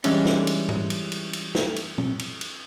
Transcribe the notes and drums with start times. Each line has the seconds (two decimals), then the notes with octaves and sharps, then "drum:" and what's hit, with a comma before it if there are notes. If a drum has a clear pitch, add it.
0.04 E3 G3 G#3 C#4 D4, drum: cymbal
0.26 drum: snare
0.47 drum: cymbal
0.69 drum: tom G#2
0.90 drum: cymbal
1.12 drum: cymbal
1.33 drum: cymbal
1.55 drum: snare
1.76 drum: cymbal
1.98 drum: tom
2.19 drum: cymbal
2.41 drum: cymbal